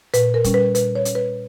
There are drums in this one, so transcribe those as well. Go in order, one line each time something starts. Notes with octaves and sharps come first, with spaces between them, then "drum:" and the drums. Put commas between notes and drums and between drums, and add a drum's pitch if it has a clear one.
A#2 B4, drum: hi-hat
A#4
G3 C#4, drum: kick E1, hi-hat
B4
A#2 B4, drum: hi-hat
C#5
G3 C#4, drum: hi-hat
B4